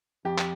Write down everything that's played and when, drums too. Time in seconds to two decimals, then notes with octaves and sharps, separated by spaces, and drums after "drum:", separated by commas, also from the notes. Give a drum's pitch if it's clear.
0.25 F2 G4
0.38 drum: clap